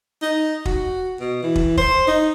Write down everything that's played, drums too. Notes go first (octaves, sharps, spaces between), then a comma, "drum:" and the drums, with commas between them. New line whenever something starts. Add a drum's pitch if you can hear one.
D#4
F#4, drum: kick
B2
E3
drum: kick
C5, drum: kick
D#4